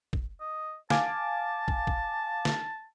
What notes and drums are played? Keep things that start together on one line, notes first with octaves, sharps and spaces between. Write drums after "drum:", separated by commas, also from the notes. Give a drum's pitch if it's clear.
drum: kick
D#5
F5 G#5 A5 D6, drum: snare
drum: kick
drum: kick
drum: snare